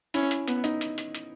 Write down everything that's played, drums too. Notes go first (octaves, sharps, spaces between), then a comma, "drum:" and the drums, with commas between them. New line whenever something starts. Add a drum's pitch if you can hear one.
C#4 E4, drum: hi-hat
drum: hi-hat
B3, drum: hi-hat
D#4, drum: hi-hat
drum: hi-hat
drum: hi-hat
drum: hi-hat